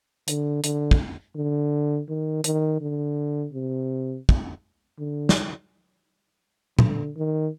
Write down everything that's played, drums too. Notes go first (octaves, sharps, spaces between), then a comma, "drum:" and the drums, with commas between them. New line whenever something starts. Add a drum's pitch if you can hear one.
D3, drum: hi-hat
D3, drum: hi-hat
drum: kick
D3
D#3
D#3, drum: hi-hat
D3
C3
drum: kick
D3
drum: snare
D3, drum: tom A#2
D#3